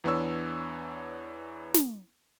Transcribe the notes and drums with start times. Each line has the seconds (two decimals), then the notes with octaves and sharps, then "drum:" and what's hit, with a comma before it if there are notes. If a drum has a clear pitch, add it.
0.04 E2 E3 B3 D4 C#5 E6
1.74 drum: snare